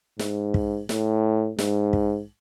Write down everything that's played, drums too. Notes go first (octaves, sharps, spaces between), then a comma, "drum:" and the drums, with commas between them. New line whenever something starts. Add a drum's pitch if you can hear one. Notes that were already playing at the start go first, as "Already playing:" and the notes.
G#2, drum: snare
drum: kick
A2, drum: snare
G#2, drum: snare
drum: kick